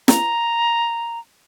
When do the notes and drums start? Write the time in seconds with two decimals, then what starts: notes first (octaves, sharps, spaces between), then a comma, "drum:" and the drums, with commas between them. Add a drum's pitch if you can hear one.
0.08 A#5, drum: snare